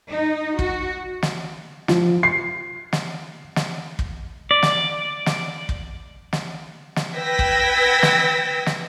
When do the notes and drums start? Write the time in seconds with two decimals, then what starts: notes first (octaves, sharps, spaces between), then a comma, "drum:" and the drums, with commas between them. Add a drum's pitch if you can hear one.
0.11 D#4
0.59 F#4, drum: kick
1.22 drum: snare
1.88 F3, drum: snare
2.23 C7
2.93 drum: snare
3.56 drum: snare
3.99 drum: kick
4.51 D5
4.63 drum: snare
5.26 drum: snare
5.69 drum: kick
6.33 drum: snare
6.96 drum: snare
7.15 B4 G5 E6 G#6 A#6 B6
7.39 drum: kick
8.03 drum: snare
8.66 drum: snare